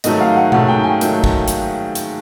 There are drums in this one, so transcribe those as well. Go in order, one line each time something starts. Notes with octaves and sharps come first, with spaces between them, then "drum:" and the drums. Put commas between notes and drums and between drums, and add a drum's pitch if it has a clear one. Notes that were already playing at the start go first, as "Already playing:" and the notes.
G#2 D#3 F#3 A3 D#5, drum: hi-hat
F5
F#5
G#2 D#3 F#3 A3 F#5, drum: tom B2
G5
G#5
D#3 F#3 A3, drum: hi-hat
drum: kick
drum: hi-hat
drum: hi-hat